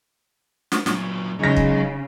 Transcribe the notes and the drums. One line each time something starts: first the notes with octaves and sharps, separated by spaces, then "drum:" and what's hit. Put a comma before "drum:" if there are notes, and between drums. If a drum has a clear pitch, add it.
drum: snare
A#2 F#3, drum: snare
C#3 F#3 G#3 D#4 A#6
drum: kick